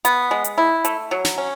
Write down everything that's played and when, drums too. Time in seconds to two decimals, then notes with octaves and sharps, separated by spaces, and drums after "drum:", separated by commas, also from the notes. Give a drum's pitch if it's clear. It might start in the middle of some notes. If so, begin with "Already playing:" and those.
0.05 B3, drum: hi-hat
0.31 G#3
0.44 drum: hi-hat
0.58 E4
0.85 A3, drum: hi-hat
1.11 F#3
1.25 drum: snare
1.38 C#4